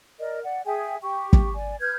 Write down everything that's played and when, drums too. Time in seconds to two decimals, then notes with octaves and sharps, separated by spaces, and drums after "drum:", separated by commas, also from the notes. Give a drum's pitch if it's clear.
0.20 A#4 D5 D#5
0.43 D5 F#5
0.66 G#4 E5 G5 G#5
1.02 G4 G5 C#6
1.33 drum: kick
1.53 D5 G#5
1.80 B4 F6 G6 G#6